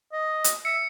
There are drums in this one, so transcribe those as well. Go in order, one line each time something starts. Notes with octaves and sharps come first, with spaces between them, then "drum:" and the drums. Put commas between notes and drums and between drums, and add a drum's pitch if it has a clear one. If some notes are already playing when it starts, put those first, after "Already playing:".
D#5
drum: hi-hat
E5 C#7